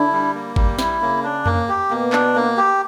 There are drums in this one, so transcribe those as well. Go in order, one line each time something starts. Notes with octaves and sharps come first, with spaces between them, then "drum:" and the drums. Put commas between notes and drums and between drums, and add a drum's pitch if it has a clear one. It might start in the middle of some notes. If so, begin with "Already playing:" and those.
Already playing: D3 D4 E4
G3
A#3
G3, drum: kick G#1
E4, drum: snare
C#3 A#3 C#4
D4
A#3, drum: tom F2
G4
B2 A#3 B3
D4, drum: clap
A#3
G4